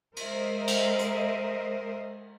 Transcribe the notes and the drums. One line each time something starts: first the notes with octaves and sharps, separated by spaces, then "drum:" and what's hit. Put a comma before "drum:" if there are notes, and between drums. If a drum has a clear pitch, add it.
G#3 A#4 C5 D#5 E5, drum: cymbal
drum: cymbal
drum: hi-hat